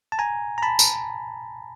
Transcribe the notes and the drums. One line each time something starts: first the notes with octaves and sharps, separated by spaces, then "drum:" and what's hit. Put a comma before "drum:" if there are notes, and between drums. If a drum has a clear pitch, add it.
A5
G#5 A#5
A#5
A5 B5
drum: tambourine